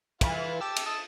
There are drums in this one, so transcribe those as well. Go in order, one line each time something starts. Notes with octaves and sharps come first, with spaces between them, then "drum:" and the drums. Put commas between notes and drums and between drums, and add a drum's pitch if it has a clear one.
E3 E4 F4 F5, drum: kick, cymbal
G4 A5 E6
drum: cymbal
D#5 A5